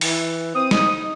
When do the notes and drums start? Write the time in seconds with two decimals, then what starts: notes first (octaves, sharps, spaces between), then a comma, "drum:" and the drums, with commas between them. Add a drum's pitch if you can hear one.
0.01 E3, drum: open hi-hat
0.55 C4 D#6
0.71 D#4, drum: snare